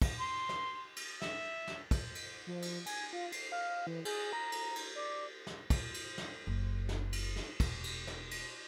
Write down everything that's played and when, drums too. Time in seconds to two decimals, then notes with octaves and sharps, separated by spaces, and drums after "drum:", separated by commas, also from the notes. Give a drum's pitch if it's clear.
0.02 drum: kick, cymbal
0.19 C6
0.49 drum: snare
0.96 drum: cymbal
1.22 E5, drum: snare
1.67 drum: snare
1.91 drum: kick, cymbal
2.15 drum: cymbal
2.47 F3
2.62 drum: cymbal
2.86 G#5, drum: cymbal
3.13 F4
3.32 C7, drum: cymbal
3.52 F5
3.87 E3
4.05 G#4, drum: cymbal
4.33 A#5
4.52 drum: cymbal
4.76 drum: cymbal
4.96 D5
5.47 drum: snare
5.70 drum: kick, cymbal
5.94 drum: cymbal
6.18 drum: snare
6.47 F#1
6.89 drum: snare
7.13 drum: cymbal
7.36 drum: snare
7.60 E1, drum: kick, cymbal
7.84 drum: cymbal
8.07 drum: snare
8.31 drum: cymbal